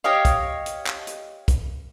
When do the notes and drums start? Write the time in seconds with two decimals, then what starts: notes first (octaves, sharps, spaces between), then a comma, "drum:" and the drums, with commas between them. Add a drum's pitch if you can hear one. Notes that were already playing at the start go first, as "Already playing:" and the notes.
0.04 G4 C#5 D#5 F5
0.25 drum: kick, hi-hat
0.66 drum: hi-hat
0.86 drum: clap
1.07 drum: hi-hat
1.48 drum: kick, hi-hat